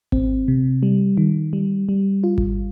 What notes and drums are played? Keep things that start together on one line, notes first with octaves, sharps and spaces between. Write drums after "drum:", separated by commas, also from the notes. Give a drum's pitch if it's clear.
C4, drum: kick G#1
C3
G3
D#3
G3
G3
F4
drum: kick G#1